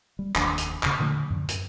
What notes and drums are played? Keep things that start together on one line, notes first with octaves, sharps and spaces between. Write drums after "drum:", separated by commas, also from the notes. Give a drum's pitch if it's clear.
G3
F1 D#2 F3 D4, drum: clap
drum: hi-hat
E2 C#3, drum: clap
A#2 D3 F3 A3
F#2 A2 D3 F3
F#2, drum: hi-hat